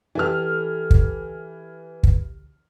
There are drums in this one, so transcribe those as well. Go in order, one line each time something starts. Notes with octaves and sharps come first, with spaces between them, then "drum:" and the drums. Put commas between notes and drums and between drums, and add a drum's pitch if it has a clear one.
E3 G4 A4 D5 F6
drum: kick
drum: kick